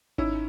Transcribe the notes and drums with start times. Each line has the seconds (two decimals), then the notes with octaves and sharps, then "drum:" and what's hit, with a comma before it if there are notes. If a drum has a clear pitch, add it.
0.18 C#4 D#4 E4, drum: kick G#1